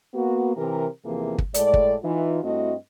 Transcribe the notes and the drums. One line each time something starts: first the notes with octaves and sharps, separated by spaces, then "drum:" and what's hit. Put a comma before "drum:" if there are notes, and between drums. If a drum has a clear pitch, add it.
A#3 B3 F#4
C3 E3 G4 A#4
E2 C3 E3 F3 A#3 G#4
drum: kick
A2 G#3 A4 D5, drum: hi-hat
drum: kick
E3 D#4 F4
G2 A3 C4 E4 F#4 D#5